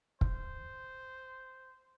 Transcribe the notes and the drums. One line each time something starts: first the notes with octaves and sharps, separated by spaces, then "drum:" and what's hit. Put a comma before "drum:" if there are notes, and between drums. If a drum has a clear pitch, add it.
C5, drum: kick